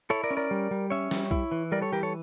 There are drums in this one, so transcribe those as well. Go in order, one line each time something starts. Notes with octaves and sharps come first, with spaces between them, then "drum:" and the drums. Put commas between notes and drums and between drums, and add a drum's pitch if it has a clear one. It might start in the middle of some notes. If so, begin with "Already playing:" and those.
E4 A4 C#5
A#4 D5
C#4
A#4 D5
G3
G3
C#4 C#5 E5
G3, drum: snare
E4, drum: kick B1
E3
G3 A#4 D5
A4 C#5
E3 G4 A#4
A4 C#5